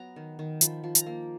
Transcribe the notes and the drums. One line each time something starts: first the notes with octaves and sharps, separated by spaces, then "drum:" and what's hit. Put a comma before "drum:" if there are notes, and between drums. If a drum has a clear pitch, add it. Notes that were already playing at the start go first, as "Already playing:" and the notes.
Already playing: F#3 B3 A#5
D#3
D#3
F3 B5, drum: hi-hat
F3
A#5, drum: hi-hat
A#3